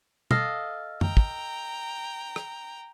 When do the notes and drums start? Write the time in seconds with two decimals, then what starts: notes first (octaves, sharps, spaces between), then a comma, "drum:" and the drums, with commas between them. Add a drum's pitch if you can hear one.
0.31 A4 D#5 F5, drum: tom
1.01 G5 A#5, drum: tom F#2
1.17 drum: kick
2.36 drum: rim click